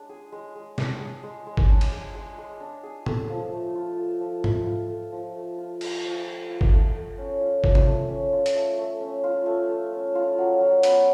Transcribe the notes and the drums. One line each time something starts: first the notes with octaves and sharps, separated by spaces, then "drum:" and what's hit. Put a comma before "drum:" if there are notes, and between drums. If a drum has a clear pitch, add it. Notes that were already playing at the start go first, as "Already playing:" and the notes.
Already playing: G#3 D4
G#4
G#3
G#3
D4, drum: snare
G#4
G#3
G#3
drum: kick G1
D4
drum: cymbal
G#4
G#3
G#3
D4
G#4
A4, drum: tom
F3
A3
F4
A4
F3
A3, drum: tom G#2
F4
A4
F3
A3
F4
A4, drum: cymbal
F3
A3
F4
drum: kick G1
A3
A3
C#4
F4
A3, drum: kick G1
drum: tom C3
A3
C#4
F4
drum: hi-hat
A3
A3
C#4
F4
A3
A3
C#4
F4
F#3
F#3
B3, drum: hi-hat